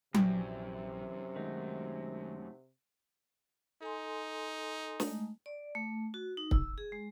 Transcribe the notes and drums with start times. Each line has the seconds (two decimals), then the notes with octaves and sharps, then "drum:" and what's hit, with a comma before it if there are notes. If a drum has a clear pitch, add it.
0.14 A#1 F#2 C3 E3 E4 D5 G5, drum: tom F#3
1.36 D#3 G#3 A3 D#4 F#4
3.81 D#4 A4 G#5 C6
5.00 G#3 A3, drum: snare
5.46 D5
5.75 A3
6.14 F#4
6.37 D#4
6.51 E6, drum: kick
6.78 G#4
6.92 G#3